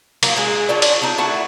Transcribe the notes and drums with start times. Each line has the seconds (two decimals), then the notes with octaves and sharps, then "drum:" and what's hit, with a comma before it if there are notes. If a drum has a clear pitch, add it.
0.23 F#3 A#3 F4 A#5, drum: cymbal
0.37 G#3 A#4
0.69 C#4 D4 F4 D5
0.82 drum: cymbal
1.02 D4 D#4
1.18 A3 E4 F#4 A5